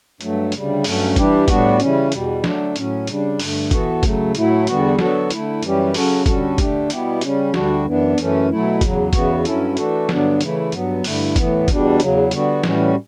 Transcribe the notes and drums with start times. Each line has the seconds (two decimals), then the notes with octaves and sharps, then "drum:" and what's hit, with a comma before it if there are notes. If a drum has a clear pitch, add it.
0.21 G2 F#3 A3, drum: hi-hat
0.52 D2 C#3 G3, drum: hi-hat
0.84 G2 F#3 A3 C#4, drum: open hi-hat
1.16 E3 G3 D4 G4, drum: kick, hi-hat
1.48 A2 G3 B3 D4 F#4, drum: kick, hi-hat
1.80 C#3 E3 G3 C#4, drum: hi-hat
2.12 E2 B2 G3, drum: hi-hat
2.44 D3 F#3 A3 D4, drum: snare
2.76 A2 F#3 C#4, drum: hi-hat
3.07 C#3 G3 D4, drum: hi-hat
3.40 G2 D3 A3, drum: open hi-hat
3.71 E3 B3 F#4 A4, drum: kick, hi-hat
4.03 C#3 F#3 A3, drum: kick, hi-hat
4.35 A2 F#3 A3 E4, drum: hi-hat
4.67 E2 D3 G3 B3 F#4, drum: hi-hat
4.99 D3 F#3 B3 F#4 A4, drum: snare
5.30 D3 A3 E4, drum: hi-hat
5.63 F#2 E3 G3 C#4 G4, drum: hi-hat
5.94 C#3 F#3 C#4 F#4 A4, drum: open hi-hat
6.26 D3 G3 C#4 F#4 A4, drum: kick, hi-hat
6.58 D3 A3 D4 G4, drum: kick, hi-hat
6.90 B2 G3 B3 E4 G4, drum: hi-hat
7.21 C#3 G3 C#4, drum: hi-hat
7.54 D2 D3 G3 D4 F#4, drum: snare
7.85 F#2 E3 B3 D4
8.18 F#2 E3 A3 C#4, drum: hi-hat
8.50 B2 F#3 A3 E4
8.81 E2 C#3 F#3, drum: kick, hi-hat
9.13 E2 C#3 E3 B3 F#4, drum: kick, hi-hat
9.45 G2 F#3 C#4 E4 A4, drum: hi-hat
9.77 E3 A3 D4 F#4 A4, drum: hi-hat
10.09 G2 D3 F#3 B3 D4, drum: snare
10.41 C#3 E3 A3 E4, drum: hi-hat
10.72 G2 F#3 B3, drum: hi-hat
11.04 G2 D3 A3 E4, drum: open hi-hat
11.36 A2 E3 B3, drum: kick, hi-hat
11.68 E2 B2 G3 D4, drum: kick, hi-hat
12.00 E2 C#3 F#3, drum: hi-hat
12.31 D3 G3 B3 F#4, drum: hi-hat
12.63 A2 E3 G3 C#4 F#4, drum: snare